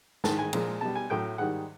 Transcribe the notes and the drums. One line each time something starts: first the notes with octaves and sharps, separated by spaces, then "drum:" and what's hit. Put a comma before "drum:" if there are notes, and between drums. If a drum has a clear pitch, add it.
G#2 D#3 G#3 A5, drum: snare
G#5
A#2 F3 G#3, drum: cymbal
B2 G3 A5
G#5
A2 F#3 A3 G5
G#2 D#3 G3 F#5